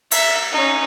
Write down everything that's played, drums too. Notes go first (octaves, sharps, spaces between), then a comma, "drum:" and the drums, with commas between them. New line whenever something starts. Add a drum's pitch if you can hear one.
E5 A#5, drum: cymbal
C#4 D#4